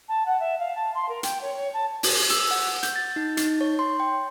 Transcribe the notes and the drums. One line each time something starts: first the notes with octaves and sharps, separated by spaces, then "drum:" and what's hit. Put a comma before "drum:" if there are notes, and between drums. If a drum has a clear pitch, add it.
A5
F#5
E5
F5
A5
C6
A#4
G5, drum: hi-hat
C#5
C#5
A5
drum: open hi-hat
E6, drum: hi-hat
F#5
G6, drum: hi-hat
A6
D#4
D#4, drum: hi-hat
C#5
C6
G5